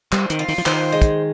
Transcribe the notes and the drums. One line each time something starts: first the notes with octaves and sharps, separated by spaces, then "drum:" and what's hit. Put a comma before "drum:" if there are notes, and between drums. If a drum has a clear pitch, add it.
G3 C4, drum: clap
D#3, drum: hi-hat
F4
D#3, drum: open hi-hat
F3
D#3 C5, drum: clap
G#3
drum: kick, hi-hat